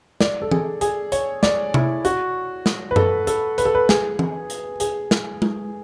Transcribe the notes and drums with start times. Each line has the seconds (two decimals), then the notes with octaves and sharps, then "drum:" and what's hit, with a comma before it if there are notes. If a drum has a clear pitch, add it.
0.21 D5, drum: snare
0.42 A4
0.51 G#4, drum: tom E3
0.81 G#4, drum: hi-hat
1.12 C#5, drum: hi-hat
1.43 D5, drum: snare
1.74 E4, drum: tom C3
2.05 F#4, drum: hi-hat
2.66 drum: snare
2.91 B4
2.96 A4, drum: tom F#2
3.27 A4, drum: hi-hat
3.58 B4, drum: hi-hat
3.65 A4
3.75 B4
3.89 G#4, drum: snare
4.19 drum: tom E3
4.50 drum: hi-hat
4.80 G#4, drum: hi-hat
5.11 drum: snare
5.42 drum: tom G#3